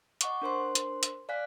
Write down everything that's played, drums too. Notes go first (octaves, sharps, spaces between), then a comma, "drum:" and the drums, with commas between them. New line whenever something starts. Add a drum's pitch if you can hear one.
D#5 F#5 C#6 D6, drum: hi-hat
D4 A#4 C5 C6
drum: hi-hat
drum: hi-hat
D5 F5 G#5 F#6 B6